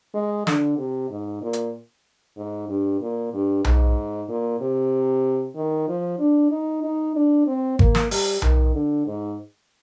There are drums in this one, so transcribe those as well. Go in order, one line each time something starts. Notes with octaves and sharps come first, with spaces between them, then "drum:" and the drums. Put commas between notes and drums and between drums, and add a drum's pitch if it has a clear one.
G#3
D3, drum: snare
C3
G#2
A#2
drum: hi-hat
G#2
G2
A#2
G2
G#2, drum: tom B1
A#2
C3
D#3
F3
D4
D#4
D#4
D4
C4
A#3, drum: kick G#1
drum: snare
G3, drum: open hi-hat
D#3, drum: tom B1
D3
G#2